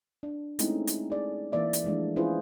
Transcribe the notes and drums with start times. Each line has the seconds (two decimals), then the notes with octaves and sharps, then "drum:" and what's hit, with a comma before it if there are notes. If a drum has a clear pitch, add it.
0.23 D4
0.59 G#3 A3 C4 C#4 D#4 E4, drum: hi-hat
0.87 drum: hi-hat
1.10 G#4 D5
1.52 E3 A#3 D5 E5
1.73 drum: hi-hat
1.84 E3 F3 G#3 A3 D4
2.16 C#4 E4 F4 G#4 B4 C5